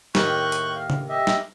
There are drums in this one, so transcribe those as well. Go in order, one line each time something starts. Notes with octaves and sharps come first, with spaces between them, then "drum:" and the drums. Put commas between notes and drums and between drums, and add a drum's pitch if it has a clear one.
D#2 A2 D#3 C#6 F#6 G6, drum: snare
drum: hi-hat
F5
drum: tom C#3
G4 D#5 E5
drum: snare